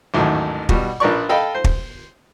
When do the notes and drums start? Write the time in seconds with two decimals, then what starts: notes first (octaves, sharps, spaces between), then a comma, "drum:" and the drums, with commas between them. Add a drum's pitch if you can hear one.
0.14 A1 D#2 G#2 F#3 A3
0.69 B2 G3 F#4, drum: kick
1.00 A#1 F3 A#4 B4 D5 C#6
1.29 A4 D#5 F5 G5 B5
1.55 C5
1.64 drum: kick